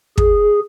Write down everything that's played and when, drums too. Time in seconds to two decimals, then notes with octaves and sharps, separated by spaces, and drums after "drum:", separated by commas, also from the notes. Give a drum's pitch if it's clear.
0.18 G#4, drum: kick